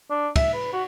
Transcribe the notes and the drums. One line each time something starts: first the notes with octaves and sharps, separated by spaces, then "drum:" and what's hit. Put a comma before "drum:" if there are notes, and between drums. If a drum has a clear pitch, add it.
D4
E5, drum: kick, cymbal
B4
F#4